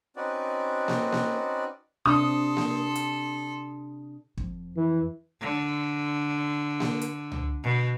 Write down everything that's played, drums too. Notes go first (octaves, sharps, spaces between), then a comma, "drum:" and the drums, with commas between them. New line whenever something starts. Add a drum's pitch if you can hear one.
C4 C#4 D#4 F#4 B4 D5
drum: snare A#3
drum: snare A#3
C3 D4 A4 C6 D#6
drum: snare A#3
drum: hi-hat
F2, drum: kick
E3
D3
drum: snare A#3
drum: hi-hat
drum: tom C#2
B2